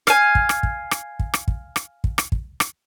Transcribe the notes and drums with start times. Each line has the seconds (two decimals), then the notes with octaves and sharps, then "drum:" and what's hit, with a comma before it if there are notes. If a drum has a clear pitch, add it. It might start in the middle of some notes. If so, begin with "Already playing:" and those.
0.07 F5 G#5, drum: rim click
0.35 drum: kick
0.49 drum: rim click
0.63 drum: kick
0.91 drum: rim click
1.19 drum: kick
1.34 drum: rim click
1.48 drum: kick
1.76 drum: rim click
2.04 drum: kick
2.18 drum: rim click
2.32 drum: kick
2.60 drum: rim click